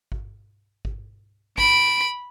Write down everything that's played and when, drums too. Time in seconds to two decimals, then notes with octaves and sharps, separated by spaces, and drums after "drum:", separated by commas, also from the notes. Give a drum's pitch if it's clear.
0.12 drum: kick G#1
0.85 drum: kick G#1
1.58 B5 D7, drum: kick G#1